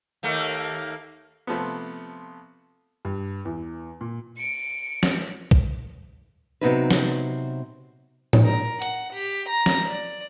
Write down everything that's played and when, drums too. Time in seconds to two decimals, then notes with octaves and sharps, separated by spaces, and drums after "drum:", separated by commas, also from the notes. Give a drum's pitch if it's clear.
0.23 D#2 A3 A#3
1.47 C3 F3 A3 B3
3.05 G2
3.45 E2
4.01 A#2
4.37 C#7 D7
5.03 drum: snare
5.51 drum: kick
6.61 C3 F#3 B3 C4 D#4 B4
6.91 drum: snare
8.33 drum: tom A2
8.45 A#4
8.82 F#5, drum: hi-hat
9.13 G4
9.51 A#5
9.66 drum: snare
9.87 D5